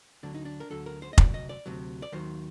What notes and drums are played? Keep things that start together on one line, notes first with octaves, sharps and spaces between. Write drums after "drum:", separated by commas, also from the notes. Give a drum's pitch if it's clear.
D2 D3 F#3 D4
D#4
D4
A#4
D2 D3 F#3 A4
A#4
C5
D#5
D2 C3 F#3 D5, drum: kick F1
D#5
D5
D2 C3 F#3
D5
D#2 D#3 F#3 C5